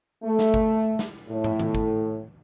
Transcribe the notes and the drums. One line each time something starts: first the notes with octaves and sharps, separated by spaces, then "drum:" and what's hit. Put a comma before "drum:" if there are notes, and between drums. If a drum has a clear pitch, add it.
A3
drum: snare
drum: kick G1
drum: snare
A2
drum: tom
drum: tom D#3
drum: kick G1